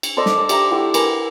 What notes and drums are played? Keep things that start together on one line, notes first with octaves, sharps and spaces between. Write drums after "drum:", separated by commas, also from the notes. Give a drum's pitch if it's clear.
drum: cymbal
A4 C5 D5 D#5
drum: snare
D4 D5 A5
G4 E5 A#5, drum: cymbal
A3 E4 F#4 G4
A#4 B4 G#5, drum: cymbal